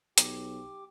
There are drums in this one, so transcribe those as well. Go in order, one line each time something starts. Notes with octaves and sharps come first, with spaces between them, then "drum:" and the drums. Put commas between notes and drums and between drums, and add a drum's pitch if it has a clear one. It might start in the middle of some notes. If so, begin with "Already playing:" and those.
B1 G4 G5 D6, drum: hi-hat